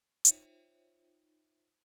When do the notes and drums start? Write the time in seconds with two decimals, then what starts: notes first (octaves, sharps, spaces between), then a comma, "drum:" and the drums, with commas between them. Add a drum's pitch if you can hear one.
0.25 D#4 F4 C5 C#5 E5 G5, drum: hi-hat